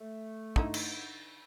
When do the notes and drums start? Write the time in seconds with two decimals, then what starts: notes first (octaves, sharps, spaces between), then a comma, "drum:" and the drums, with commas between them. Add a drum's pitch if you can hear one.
0.01 A3
0.56 D3 D#4 E4, drum: kick
0.74 drum: cymbal